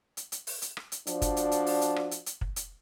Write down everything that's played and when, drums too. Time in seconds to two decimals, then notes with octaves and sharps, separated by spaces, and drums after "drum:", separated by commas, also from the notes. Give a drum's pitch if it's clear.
0.17 drum: hi-hat
0.32 drum: hi-hat
0.47 drum: open hi-hat
0.62 drum: hi-hat
0.77 drum: rim click
0.92 drum: hi-hat
1.07 F3 D4 F#4 D5, drum: hi-hat
1.22 drum: kick, hi-hat
1.37 drum: hi-hat
1.52 drum: hi-hat
1.66 drum: open hi-hat
1.81 drum: hi-hat
1.96 drum: rim click
2.11 drum: hi-hat
2.26 drum: hi-hat
2.41 drum: kick
2.56 drum: hi-hat